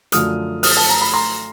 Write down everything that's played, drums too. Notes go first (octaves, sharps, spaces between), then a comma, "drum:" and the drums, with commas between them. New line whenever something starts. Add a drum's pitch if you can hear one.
F#2 D3 F3 A3 D#6 F6, drum: hi-hat
D#6 F6, drum: open hi-hat
A5
A#5
B5
A#5 C6